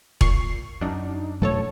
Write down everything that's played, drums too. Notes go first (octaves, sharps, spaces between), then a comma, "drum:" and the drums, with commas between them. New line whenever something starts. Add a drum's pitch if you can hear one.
A#2 C#6 C7, drum: kick E1
F#2 D4 D#4
F2 B2 F#3 A3 A4 C#5